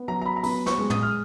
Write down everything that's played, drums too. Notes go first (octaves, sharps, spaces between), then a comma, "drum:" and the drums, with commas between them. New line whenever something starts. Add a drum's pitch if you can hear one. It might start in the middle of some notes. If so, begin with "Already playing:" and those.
Already playing: B3
F#3 A#5
A#5
B5
A#5
B3 B5, drum: open hi-hat
C#6, drum: snare
G#3
D#6, drum: tom
F6